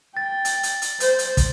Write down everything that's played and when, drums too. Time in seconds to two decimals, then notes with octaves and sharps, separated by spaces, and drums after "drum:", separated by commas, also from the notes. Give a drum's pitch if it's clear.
0.17 G5 A6
0.45 drum: hi-hat
0.63 drum: hi-hat
0.82 drum: hi-hat
1.00 C5, drum: hi-hat
1.19 drum: hi-hat
1.37 drum: kick, hi-hat